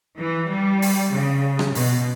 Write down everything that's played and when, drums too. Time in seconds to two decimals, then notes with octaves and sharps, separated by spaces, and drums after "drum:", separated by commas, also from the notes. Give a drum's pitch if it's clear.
0.19 E3
0.50 G3
0.82 drum: open hi-hat
1.12 C#3
1.59 drum: rim click
1.75 B2, drum: open hi-hat